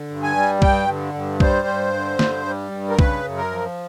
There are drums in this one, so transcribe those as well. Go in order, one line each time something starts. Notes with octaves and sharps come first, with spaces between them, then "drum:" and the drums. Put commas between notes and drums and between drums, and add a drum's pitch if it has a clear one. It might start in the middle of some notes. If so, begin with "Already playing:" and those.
Already playing: D3
G2
G#5
G3
G2 G5, drum: kick B1
D3
G2
G3 C5, drum: kick B1
G2
D3
G2, drum: snare
G3
G2
A#4
C#3 B4, drum: kick B1
F#2
A#4
F3